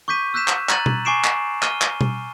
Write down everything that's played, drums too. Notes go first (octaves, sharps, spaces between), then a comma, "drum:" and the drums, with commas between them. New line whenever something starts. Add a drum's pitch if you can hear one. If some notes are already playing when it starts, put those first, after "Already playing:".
C#6 D6 G6 B6 D#7
E6 F#6 G6 B6 E7
drum: clap
A#5 F#6 G#6 A6 D#7 F#7, drum: clap
drum: tom B2
G#5 C#6 D6 C7 D7 E7
drum: clap
F6 D#7 G7, drum: clap
drum: clap
drum: tom B2